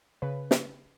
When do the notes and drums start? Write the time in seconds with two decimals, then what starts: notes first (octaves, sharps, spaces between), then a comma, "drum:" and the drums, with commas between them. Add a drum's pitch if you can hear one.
0.22 C#3 B4
0.51 drum: snare